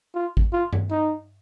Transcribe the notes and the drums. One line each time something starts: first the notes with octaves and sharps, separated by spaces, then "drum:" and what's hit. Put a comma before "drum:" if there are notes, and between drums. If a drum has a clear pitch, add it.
F4
drum: kick
F4
drum: tom G2
D#4